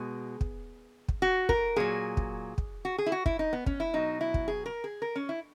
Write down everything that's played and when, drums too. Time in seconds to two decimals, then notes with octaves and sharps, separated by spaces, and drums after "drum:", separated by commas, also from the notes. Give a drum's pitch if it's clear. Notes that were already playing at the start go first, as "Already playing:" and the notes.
Already playing: B2 G#3 G#4
0.41 drum: kick
1.08 drum: kick
1.22 F#4
1.49 A#4, drum: kick
1.76 A#2 F#3 G#4
2.17 drum: kick
2.58 drum: kick
2.85 F#4
2.98 G#4
3.06 E4
3.12 F#4
3.26 E4, drum: kick
3.39 D#4
3.53 B3
3.66 C#4, drum: kick
3.80 E4
3.93 B2 F#3 D#4
4.21 E4
4.34 drum: kick
4.48 G#4
4.66 A#4
4.84 G#4
5.02 A#4
5.16 C#4
5.29 E4